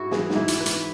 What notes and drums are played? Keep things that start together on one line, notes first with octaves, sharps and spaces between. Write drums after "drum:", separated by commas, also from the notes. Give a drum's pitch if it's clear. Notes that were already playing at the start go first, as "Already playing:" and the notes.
Already playing: G#2 E4 F#4
E3 G#4, drum: snare
G#2, drum: snare
E4
E3, drum: hi-hat
B4
E3, drum: hi-hat